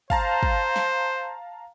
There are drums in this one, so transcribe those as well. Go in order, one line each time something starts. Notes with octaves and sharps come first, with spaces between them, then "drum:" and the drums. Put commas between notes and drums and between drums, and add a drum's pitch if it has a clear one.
C5 F5 A5 A#5, drum: kick
drum: kick
drum: snare